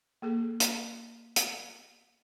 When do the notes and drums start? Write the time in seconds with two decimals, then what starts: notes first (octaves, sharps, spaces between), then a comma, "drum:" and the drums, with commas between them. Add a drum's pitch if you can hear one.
0.22 A#3 G#4 A4
0.60 drum: hi-hat
1.36 drum: hi-hat